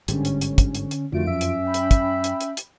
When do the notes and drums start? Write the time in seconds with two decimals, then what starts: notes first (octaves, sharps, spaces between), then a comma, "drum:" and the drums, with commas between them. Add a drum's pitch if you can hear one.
0.08 G1 G#2 D3 G3 C#4, drum: hi-hat
0.25 drum: hi-hat
0.41 drum: hi-hat
0.58 drum: kick, hi-hat
0.75 drum: hi-hat
0.91 drum: hi-hat
1.12 F2 D3 D#3 A3 F4 F#4 D7
1.27 F#2 C#4 E5
1.41 drum: hi-hat
1.64 G5 B5
1.74 drum: hi-hat
1.91 drum: kick, hi-hat
2.24 drum: hi-hat
2.41 drum: hi-hat
2.57 drum: hi-hat